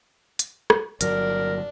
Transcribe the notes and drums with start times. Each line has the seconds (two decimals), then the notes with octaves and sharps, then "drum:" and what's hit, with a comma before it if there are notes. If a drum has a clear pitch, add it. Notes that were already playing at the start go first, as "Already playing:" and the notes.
0.39 drum: hi-hat
0.70 drum: rim click
1.01 G1 F#3 D4 A#4, drum: hi-hat